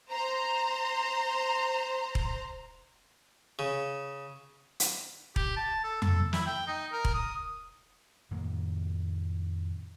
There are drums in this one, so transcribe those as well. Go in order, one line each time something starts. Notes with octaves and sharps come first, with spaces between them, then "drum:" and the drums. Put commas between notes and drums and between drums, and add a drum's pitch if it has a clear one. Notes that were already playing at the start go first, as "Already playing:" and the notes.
C5 A#5 C6
drum: kick E1
C#3
drum: hi-hat
G4, drum: kick E1
A5
A4
A4, drum: tom F2
E4, drum: snare
G5
D#4
A#4
drum: kick E1
D#6
F2 A2 D#3 A#3